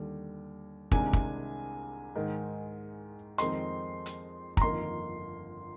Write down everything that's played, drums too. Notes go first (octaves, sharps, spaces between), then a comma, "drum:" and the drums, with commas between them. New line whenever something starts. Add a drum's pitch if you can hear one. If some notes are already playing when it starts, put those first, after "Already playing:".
Already playing: D#2 D3 G3
C2 C3 D#3 G#3 D4 G#5, drum: kick
drum: kick
G#2 D#3 G#3
F2 D#3 G#3 C4 D#4 C6, drum: hi-hat
drum: hi-hat
A#5, drum: kick
G1 F2 D#3 A#3 D#4 C6